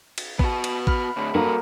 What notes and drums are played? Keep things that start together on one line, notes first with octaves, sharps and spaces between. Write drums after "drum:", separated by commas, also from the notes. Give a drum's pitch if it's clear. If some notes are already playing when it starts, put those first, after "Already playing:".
drum: cymbal
B3 F#4, drum: kick A1
drum: cymbal
B5 F6, drum: kick A1
A2 D3 B5
G2 A#3 F#4 A4